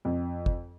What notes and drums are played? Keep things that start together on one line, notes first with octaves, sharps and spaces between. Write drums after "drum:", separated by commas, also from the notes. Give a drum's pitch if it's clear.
F2
drum: kick